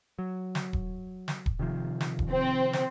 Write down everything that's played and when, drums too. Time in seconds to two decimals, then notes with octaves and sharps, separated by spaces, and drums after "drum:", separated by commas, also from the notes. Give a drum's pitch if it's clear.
0.19 F#3
0.55 drum: snare
0.73 drum: kick D#1
1.28 drum: snare
1.46 drum: kick D#1
1.59 C3 D#3 F3
2.01 drum: snare
2.19 drum: kick D#1
2.31 C4
2.73 drum: snare